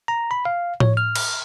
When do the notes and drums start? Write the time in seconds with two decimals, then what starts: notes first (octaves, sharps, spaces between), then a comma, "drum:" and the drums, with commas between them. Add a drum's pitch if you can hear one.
0.08 A#5
0.31 B5
0.45 F5
0.80 C#5, drum: tom A2
0.97 F6
1.15 drum: cymbal